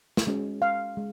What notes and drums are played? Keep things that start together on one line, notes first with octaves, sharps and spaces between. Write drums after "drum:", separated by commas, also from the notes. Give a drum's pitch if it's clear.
drum: snare
G#3 C#4 F#4
F5
G#3